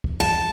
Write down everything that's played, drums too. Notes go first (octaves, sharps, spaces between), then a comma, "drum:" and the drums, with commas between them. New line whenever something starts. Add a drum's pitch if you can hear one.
drum: kick
A5